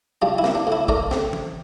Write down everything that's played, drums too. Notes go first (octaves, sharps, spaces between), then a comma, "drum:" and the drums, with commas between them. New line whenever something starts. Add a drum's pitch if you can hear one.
G3 D4 F4
E4
A#3, drum: snare
D4
A2 E4
A3 A#4 D5, drum: kick
C4, drum: snare
drum: tom